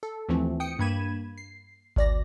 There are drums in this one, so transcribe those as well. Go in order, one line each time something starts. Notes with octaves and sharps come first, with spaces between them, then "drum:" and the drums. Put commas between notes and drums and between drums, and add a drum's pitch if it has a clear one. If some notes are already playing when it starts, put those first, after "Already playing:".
A4
D#2 E3 F3 A3 C4
G5 D#6 C#7
G2 A#3 B5 G#6 D#7 E7
C7
D2 D5 A#6, drum: kick G#1